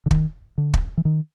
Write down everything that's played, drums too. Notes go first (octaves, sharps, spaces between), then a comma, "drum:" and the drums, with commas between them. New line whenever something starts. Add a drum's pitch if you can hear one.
D3
D#3, drum: kick
D3
drum: kick
E3
D#3